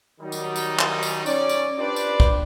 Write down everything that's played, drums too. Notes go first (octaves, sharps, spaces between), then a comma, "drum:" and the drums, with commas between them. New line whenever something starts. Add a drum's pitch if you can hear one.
D#3 F#3 G3 D#4
drum: tambourine
drum: tambourine
drum: clap
drum: tambourine
C#4 D5, drum: tambourine
drum: tambourine
D4 F4 G4 B4 C5 D5
drum: tambourine
drum: kick B1